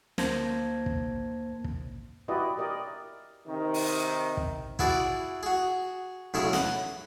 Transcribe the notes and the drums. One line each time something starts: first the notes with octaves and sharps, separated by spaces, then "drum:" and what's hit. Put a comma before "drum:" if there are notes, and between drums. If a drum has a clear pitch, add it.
D2 A#3 C5 A5 G#6 A#6, drum: snare
drum: kick
drum: kick
E4 F#4 G4 B4 D5 D#5
G4 A#4 D5 D#5
C3 D#3
drum: open hi-hat
drum: kick
E4 F#4 G#4 B4 D5, drum: kick
F#4 G#4
B1 C#3 A3 E4 G#4 D#5
B4 F#5, drum: snare